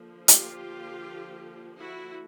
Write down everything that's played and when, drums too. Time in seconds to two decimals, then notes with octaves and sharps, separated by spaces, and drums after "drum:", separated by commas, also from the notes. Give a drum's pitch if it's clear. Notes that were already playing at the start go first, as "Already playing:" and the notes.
Already playing: D3 F3 A#3
0.28 F4 G4, drum: hi-hat
1.78 E4 F#4